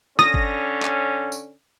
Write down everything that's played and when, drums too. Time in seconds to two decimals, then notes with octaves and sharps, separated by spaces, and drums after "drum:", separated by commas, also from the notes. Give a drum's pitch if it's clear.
0.19 D3 C#4 D#6 A#6, drum: rim click
0.34 drum: kick G1
0.82 drum: clap
1.32 drum: tambourine